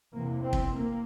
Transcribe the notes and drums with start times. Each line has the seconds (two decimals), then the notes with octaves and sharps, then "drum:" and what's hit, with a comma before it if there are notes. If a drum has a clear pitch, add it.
0.12 E2 C3 A#3
0.42 C4
0.53 drum: kick
0.73 A#3